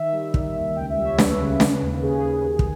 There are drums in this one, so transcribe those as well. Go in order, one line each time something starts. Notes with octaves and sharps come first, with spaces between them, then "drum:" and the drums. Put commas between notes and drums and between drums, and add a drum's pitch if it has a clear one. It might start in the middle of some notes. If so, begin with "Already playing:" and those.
Already playing: D#3 E5
G3
D#3, drum: kick
D#2
E5
C#2 G5
E5
G3
C#5
G3 B4, drum: snare
C#3
C#3, drum: snare
D#2
C#3 G#4
D#2
D#2
drum: kick